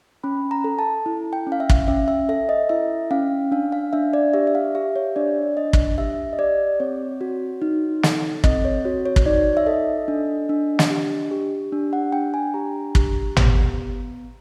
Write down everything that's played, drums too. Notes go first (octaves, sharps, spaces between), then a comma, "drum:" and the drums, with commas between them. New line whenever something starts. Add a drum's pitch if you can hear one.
C#4 B5
A#5
A4
A5
E4
G5
C#4
F5
E5
drum: kick
C#4 E5
E5
A4 E5
D#5
E4 E5
C#4 F5
D4 F5
F5
D4 E5
D5
G4 E5
E5
F5
G4 E5
C#5
D4 D5
D4 D#5
drum: kick
G4 E5
D#5
G4 D5
C4 C#5
F#4
D#4
A4, drum: snare
C4 D#5, drum: kick
C#5
F#4 C#5
C#5
C#5, drum: kick
D#4 D5
E5
A4 D#5
D4
D4
drum: snare
G4
G4
D4
F#5
D4 G5
G#5
G4 A#5
G4, drum: kick
B3, drum: tom